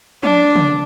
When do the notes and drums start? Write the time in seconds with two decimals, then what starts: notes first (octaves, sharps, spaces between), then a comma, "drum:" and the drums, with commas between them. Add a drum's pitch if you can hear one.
0.23 D4, drum: tom F3
0.56 drum: tom C#3